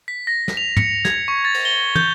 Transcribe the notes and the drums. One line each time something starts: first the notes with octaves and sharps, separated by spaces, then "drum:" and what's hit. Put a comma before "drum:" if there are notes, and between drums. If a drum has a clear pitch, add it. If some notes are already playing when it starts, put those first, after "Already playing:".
B6
A#6
drum: snare
F7
C#7, drum: tom
G#6, drum: snare
C#6
A6
drum: cymbal
G7
G6, drum: tom